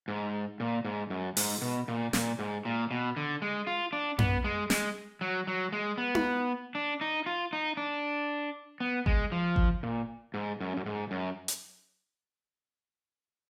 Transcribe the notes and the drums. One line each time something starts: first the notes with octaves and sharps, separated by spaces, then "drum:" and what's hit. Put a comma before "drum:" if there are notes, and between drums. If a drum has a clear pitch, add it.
G#2
A#2
G#2
F#2
G#2, drum: open hi-hat
B2
A#2
A#2, drum: snare
G#2
A#2
B2
D3
G#3
F4
D4
B3, drum: tom F#2
G#3
G#3, drum: snare
F#3
F#3
G#3
B3
drum: tom D#4
D4
D#4
F4
D#4
D4
B3
G#3, drum: kick G#1
F3
drum: kick G#1
A#2
G#2
F#2
F#2
G#2
F#2
drum: hi-hat